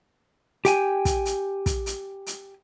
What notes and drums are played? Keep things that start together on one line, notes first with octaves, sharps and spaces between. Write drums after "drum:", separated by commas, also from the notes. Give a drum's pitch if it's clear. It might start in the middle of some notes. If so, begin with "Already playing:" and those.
G4 G5 G#5, drum: hi-hat
drum: kick, hi-hat
drum: hi-hat
drum: kick, hi-hat
drum: hi-hat
drum: hi-hat